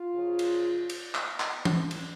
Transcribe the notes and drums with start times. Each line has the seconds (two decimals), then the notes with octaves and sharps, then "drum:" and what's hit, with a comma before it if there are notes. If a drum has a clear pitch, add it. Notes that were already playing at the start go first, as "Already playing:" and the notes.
Already playing: F4
0.14 F#2 C#3 F3
0.39 drum: cymbal
0.90 drum: cymbal
1.15 drum: clap
1.40 drum: clap
1.65 drum: tom E3
1.91 drum: cymbal